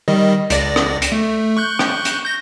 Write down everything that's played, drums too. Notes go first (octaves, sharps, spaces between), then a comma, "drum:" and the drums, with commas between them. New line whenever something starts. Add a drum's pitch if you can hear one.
D#3 G3 D#5
C#2 D5 A#6, drum: hi-hat
drum: rim click
drum: hi-hat
A3
C#6 F#6 G6
drum: rim click
drum: hi-hat
G6 A#6